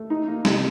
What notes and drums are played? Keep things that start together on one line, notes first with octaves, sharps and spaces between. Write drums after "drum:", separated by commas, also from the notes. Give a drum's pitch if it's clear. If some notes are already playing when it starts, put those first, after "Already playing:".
Already playing: A3
D#4
A#3
C3, drum: snare